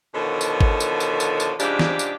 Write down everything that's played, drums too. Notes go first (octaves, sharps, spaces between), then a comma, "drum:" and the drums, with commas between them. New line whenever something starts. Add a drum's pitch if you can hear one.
B2 D3 D#3 F3 A4 C#5
drum: tambourine
drum: kick G#1
drum: tambourine
drum: tambourine
drum: tambourine
drum: tambourine
G#2 C#3 F3 G#3 D4 G4, drum: tambourine
drum: snare
drum: tambourine